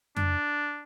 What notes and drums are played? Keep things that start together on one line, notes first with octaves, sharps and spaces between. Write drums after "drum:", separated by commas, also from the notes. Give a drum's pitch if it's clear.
D4, drum: tom F2